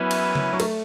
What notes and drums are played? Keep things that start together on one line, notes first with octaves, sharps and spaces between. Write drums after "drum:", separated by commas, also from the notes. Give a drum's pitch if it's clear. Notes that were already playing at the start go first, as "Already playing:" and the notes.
Already playing: F#2 E3 F#3 B3 C#4 E4 B4
drum: cymbal
drum: tom C#3
F#3
A3, drum: cymbal